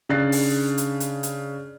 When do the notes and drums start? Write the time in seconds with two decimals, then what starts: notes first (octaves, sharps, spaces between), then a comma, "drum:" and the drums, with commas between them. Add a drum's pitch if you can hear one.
0.09 C#3 D4 F#6 A6 C7
0.32 drum: open hi-hat
0.78 drum: hi-hat
1.00 drum: hi-hat
1.23 drum: hi-hat